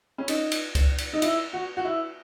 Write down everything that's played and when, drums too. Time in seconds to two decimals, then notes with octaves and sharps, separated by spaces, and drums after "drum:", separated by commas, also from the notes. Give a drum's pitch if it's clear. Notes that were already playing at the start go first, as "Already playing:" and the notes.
0.18 C#4
0.28 D#4, drum: cymbal
0.52 drum: cymbal
0.75 drum: kick C#2, cymbal
0.98 drum: cymbal
1.13 D#4
1.22 E4, drum: cymbal
1.53 F#4
1.77 F#4
1.85 E4